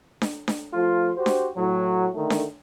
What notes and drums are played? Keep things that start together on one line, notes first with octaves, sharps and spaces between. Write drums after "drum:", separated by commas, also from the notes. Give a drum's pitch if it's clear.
drum: snare D4
drum: snare D4
F3 A3 F4
F#4 G4 C5
drum: snare D4
A2 F#3
D3 D#3 A3
drum: snare D4